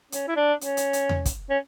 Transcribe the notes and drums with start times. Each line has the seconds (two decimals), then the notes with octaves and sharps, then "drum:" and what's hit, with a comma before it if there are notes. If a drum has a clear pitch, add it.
0.12 C#4, drum: hi-hat
0.28 E4
0.36 D4
0.61 C#4, drum: hi-hat
0.77 drum: hi-hat
0.93 drum: hi-hat
1.09 drum: tom E2
1.26 drum: kick, hi-hat
1.50 C#4